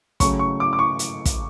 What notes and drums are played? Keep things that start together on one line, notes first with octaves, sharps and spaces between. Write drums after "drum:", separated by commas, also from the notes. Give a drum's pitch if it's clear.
C#3 F#3 A3 C#4 C#6, drum: kick, hi-hat
C#6
D6
D6
C#6
drum: hi-hat
drum: kick, hi-hat